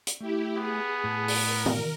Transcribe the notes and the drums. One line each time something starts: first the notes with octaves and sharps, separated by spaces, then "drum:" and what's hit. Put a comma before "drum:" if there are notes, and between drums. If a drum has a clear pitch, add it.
drum: hi-hat
A3 E4 G4
B3 G#4
A2 A5
drum: open hi-hat
A#4
drum: tom